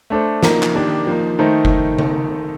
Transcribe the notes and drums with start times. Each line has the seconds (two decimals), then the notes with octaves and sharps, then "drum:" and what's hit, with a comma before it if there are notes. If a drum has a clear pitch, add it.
0.10 A3 D4 A4 C5
0.43 F3 A#3 D#4 A#4, drum: snare
0.63 drum: clap
0.75 D#3 A#3 D4 G4
1.07 F3 A#3 D#4
1.39 D#3 A3 D#4 A4 C5
1.65 drum: kick F#1
1.98 drum: tom C#3